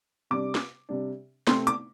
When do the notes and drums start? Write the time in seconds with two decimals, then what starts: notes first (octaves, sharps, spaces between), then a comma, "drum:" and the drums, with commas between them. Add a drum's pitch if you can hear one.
0.31 C3 G3 D4 D6
0.55 drum: snare
0.89 C3 G3 D4
1.47 C3 A3 C4 C6, drum: snare
1.67 D6, drum: hi-hat